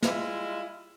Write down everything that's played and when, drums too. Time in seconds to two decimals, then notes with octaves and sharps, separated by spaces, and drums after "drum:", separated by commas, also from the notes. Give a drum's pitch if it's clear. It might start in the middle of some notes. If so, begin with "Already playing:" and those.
0.02 G3 G#3 E4 F4 D#5 E5, drum: snare